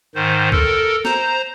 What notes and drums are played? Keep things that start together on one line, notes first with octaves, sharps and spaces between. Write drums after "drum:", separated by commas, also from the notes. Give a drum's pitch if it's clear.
G#2 D#3 C5
A4 A#4, drum: kick
C5 A#5, drum: snare